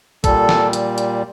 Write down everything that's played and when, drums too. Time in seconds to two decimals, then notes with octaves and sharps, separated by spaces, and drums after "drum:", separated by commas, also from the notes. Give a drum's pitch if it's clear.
0.24 A#2 G3 A4, drum: kick A1, hi-hat
0.49 drum: snare
0.73 drum: hi-hat
0.98 drum: hi-hat